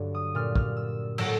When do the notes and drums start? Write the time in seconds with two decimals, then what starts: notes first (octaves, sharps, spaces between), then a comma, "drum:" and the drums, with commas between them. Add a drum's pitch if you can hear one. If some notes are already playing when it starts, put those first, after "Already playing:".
Already playing: G2 D3 F#3
0.15 D#6
0.35 A#2 G3 F6
0.56 F6, drum: kick
0.77 E6
1.18 A2 F#3 E6, drum: cymbal